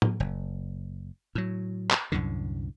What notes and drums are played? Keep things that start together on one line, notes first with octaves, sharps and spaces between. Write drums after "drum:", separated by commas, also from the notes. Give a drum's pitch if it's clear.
drum: tom A2
F#1
A2 F#3
drum: clap
C2 F#2 A2 D3